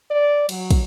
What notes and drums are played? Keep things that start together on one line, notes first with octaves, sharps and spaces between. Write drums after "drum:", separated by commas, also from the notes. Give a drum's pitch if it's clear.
D5
F#3, drum: cymbal
drum: kick, cymbal